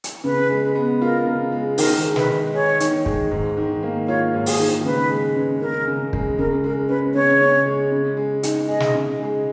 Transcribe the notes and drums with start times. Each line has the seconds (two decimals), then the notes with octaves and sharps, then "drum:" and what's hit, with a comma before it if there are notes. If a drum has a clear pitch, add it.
0.04 drum: hi-hat
0.24 C#3 B4
0.50 G#3
0.75 B3
1.02 F4 A#4
1.26 C#3
1.52 G#3
1.78 D#3 A#4, drum: open hi-hat
2.03 G#3
2.16 B4, drum: snare
2.28 D#4
2.54 G#4 C#5
2.80 D#3, drum: hi-hat
3.06 G#3, drum: kick
3.31 G#2
3.57 D#3
3.83 A#3
4.08 F4 C#5
4.34 G#2
4.46 G#4, drum: open hi-hat
4.59 D#3
4.85 C#3 B4
5.10 G#3
5.36 C#4
5.61 C#3 A#4
5.87 C#3
6.13 G#3, drum: kick
6.38 C#3 A#4
6.64 G#3 A#4
6.89 C#4 B4
7.15 C#3 C#5
7.41 C#3
7.66 G#3
7.92 C#3
8.17 G#3
8.43 D#4, drum: hi-hat
8.69 G#4 D#5
8.80 drum: snare
8.94 C#3
9.20 G#3